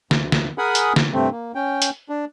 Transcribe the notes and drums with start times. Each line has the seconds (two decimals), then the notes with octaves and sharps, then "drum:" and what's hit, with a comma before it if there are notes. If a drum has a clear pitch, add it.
0.11 D2, drum: snare
0.32 drum: snare
0.58 G#4 A#4 F#5 G#5 B5 D#6
0.75 drum: hi-hat
0.96 drum: snare
1.13 G2 C3 A3 C4
1.32 A#3
1.55 C#4 G5
1.82 drum: hi-hat
2.09 D4